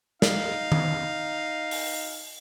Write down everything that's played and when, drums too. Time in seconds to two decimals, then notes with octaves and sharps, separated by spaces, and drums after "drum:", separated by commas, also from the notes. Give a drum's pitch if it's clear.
0.22 D#4 F5, drum: snare
0.72 drum: tom D#3
1.71 drum: open hi-hat